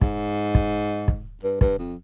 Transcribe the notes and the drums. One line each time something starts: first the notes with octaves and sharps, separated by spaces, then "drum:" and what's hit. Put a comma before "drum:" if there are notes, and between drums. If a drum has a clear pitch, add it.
G#2, drum: kick
drum: kick
drum: kick
G2
G2, drum: kick
F2